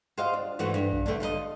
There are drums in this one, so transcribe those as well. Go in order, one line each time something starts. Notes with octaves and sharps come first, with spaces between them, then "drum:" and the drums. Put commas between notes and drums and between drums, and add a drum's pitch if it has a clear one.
F4 F#4 C5 D#5 F5
D4
G#2 E3 A3 F#4
G2
drum: kick A1
D3 A3 C#4 D4
F4 A4 B4 D#5